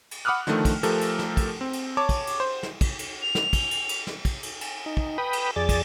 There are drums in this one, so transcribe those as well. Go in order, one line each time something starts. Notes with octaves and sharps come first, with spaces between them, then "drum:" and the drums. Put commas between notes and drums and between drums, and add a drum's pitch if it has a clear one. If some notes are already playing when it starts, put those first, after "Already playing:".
drum: cymbal
F#5 B5 D6 D#6 F6 F#6
D3 D#3 F3 A3, drum: snare
drum: kick, cymbal
F3 A3 G4 A4 A#4, drum: cymbal
drum: cymbal
drum: snare
drum: kick, cymbal
C4
drum: cymbal
C#5 A5 D6
drum: kick, cymbal
drum: cymbal
C5
drum: snare
drum: kick, cymbal
drum: cymbal
F7
drum: snare
drum: kick, cymbal
drum: cymbal
drum: cymbal
drum: snare
drum: kick, cymbal
drum: cymbal
drum: cymbal
D#4
drum: kick
B4 G5 B5 D#6
drum: cymbal
F2 G#4 D5 A6
drum: kick, cymbal